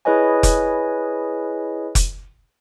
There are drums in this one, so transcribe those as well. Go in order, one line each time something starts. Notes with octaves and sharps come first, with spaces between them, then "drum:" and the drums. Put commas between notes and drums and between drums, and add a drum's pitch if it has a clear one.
E4 G#4 B4 C#5 D#5 G#5
drum: kick F1, hi-hat
drum: kick F1, hi-hat